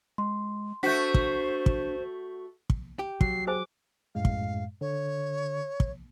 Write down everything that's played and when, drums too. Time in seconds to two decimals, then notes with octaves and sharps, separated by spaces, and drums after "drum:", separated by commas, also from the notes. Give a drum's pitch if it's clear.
0.18 G#3 C6
0.83 A3 D4 F#4 C5 G6 B6
1.14 drum: kick
1.66 drum: kick
2.70 drum: kick
2.99 G4
3.21 F#3 C7, drum: kick
3.47 G#4 C5 G#5 D6
4.15 F#2 A2 G#3 F5
4.25 drum: kick
4.81 D3 C#5
5.80 drum: kick